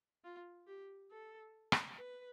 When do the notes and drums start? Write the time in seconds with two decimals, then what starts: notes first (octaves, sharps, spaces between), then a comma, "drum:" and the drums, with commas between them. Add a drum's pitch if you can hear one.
0.24 F4
0.67 G4
1.11 A4
1.72 drum: rim click
1.98 B4